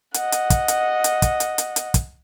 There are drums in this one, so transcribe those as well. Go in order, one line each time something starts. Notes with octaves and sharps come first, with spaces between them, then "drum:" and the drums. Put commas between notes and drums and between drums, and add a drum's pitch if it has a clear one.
D#5 F#5, drum: hi-hat
drum: hi-hat
drum: kick, hi-hat
drum: hi-hat
drum: hi-hat
drum: kick, hi-hat
drum: hi-hat
drum: hi-hat
drum: hi-hat
drum: kick, hi-hat